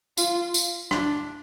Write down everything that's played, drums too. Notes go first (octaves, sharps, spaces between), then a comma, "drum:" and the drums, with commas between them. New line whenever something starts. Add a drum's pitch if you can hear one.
F4, drum: tambourine
drum: tambourine
D4, drum: rim click